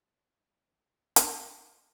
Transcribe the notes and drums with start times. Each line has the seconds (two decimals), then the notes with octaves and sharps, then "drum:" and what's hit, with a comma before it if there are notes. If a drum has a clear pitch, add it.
0.23 D2 D#3
1.16 drum: hi-hat